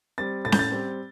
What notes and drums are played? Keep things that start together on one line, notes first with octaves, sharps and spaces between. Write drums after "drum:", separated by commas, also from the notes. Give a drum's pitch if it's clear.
G3 C4 A6
A2 A6
G6, drum: snare C#4
A6
G3 C4